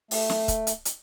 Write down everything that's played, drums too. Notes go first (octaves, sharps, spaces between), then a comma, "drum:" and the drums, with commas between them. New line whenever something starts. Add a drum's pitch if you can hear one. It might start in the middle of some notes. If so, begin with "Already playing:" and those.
A3, drum: open hi-hat
drum: snare
drum: kick, hi-hat
drum: hi-hat
drum: hi-hat